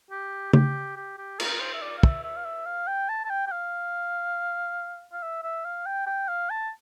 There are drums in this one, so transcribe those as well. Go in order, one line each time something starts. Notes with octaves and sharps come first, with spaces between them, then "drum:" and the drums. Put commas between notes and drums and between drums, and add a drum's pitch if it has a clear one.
G4
G4, drum: tom C#3
G4
G4
A#4, drum: cymbal
C5
E5
D5
F5
E5, drum: kick
E5
F5
E5
F5
G5
A5
A5
G5
G5
F5
F5
E5
E5
F5
G5
G5
F5
A5